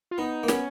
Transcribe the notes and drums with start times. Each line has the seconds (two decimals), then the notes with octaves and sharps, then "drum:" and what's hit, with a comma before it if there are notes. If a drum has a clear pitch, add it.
0.11 F4
0.18 B3 D#4
0.43 A#3
0.48 B3 C#4, drum: snare